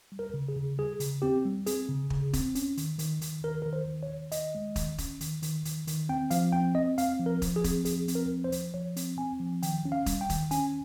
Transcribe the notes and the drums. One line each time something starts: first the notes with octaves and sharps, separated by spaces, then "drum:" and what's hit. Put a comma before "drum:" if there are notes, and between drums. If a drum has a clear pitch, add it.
G3
A#4
C#3
G#4
C#3
G3 G#4
C#3, drum: hi-hat
C4 G4
G3
C4 G#4, drum: hi-hat
C#3
C#3, drum: kick
C4, drum: kick, hi-hat
C#4, drum: hi-hat
D#3, drum: hi-hat
D#3, drum: hi-hat
D#3, drum: hi-hat
D#3 A#4
D#3 A#4
C5
D#3
C#5
D#3
D#3 D#5, drum: hi-hat
G#3
D#3, drum: kick, hi-hat
C#4, drum: kick, hi-hat
D#3, drum: hi-hat
D#3, drum: hi-hat
D#3, drum: hi-hat
D#3, drum: hi-hat
C4 G5
F3 F5, drum: hi-hat
C4 G5
C4 D#5
C4 F5, drum: hi-hat
F3
A#4
F3, drum: kick, hi-hat
G#4
C4, drum: kick, hi-hat
F3 G#4, drum: hi-hat
C4, drum: hi-hat
A#4
F3
C5
F3, drum: hi-hat
F3 C#5
C4, drum: hi-hat
C4 G#5
F3
D#3 G5, drum: hi-hat
C#4
F5
G3, drum: kick, hi-hat
G5
D#3, drum: kick, hi-hat
C#4 G#5, drum: hi-hat